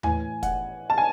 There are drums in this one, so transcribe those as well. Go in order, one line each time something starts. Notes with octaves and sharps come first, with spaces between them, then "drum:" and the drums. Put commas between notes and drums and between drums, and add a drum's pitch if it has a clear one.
A2 E3 G#5, drum: tom D#2
F#5, drum: kick, hi-hat
A5
G#5